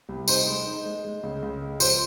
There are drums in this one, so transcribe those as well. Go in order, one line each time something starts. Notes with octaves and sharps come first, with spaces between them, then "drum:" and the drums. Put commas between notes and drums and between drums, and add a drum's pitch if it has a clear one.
C2
D#4 C5, drum: tambourine
G#3
D#4
G#3
G#3
C#2
C#2
G#3
F3 C5, drum: tambourine